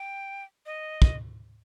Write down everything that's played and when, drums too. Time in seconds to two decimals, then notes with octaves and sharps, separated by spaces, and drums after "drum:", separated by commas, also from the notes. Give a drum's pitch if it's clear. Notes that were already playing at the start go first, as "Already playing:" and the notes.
Already playing: G5
0.66 D#5
1.02 drum: kick